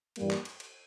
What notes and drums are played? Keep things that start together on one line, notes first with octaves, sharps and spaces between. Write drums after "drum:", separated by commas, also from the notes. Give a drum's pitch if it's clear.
G2 E3 G3 A#3, drum: cymbal
drum: clap
drum: cymbal
drum: cymbal